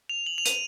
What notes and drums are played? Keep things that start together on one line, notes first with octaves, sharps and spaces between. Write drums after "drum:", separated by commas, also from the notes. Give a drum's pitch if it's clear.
F7
F#7
F7
D#7, drum: hi-hat